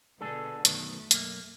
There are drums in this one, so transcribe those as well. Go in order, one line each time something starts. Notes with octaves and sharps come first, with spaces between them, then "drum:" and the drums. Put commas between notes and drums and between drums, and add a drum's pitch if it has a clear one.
B2 D3 B3 D4 G#4 A4
F#2 B2 D#3 A3, drum: hi-hat
B1 F#2 A#3, drum: hi-hat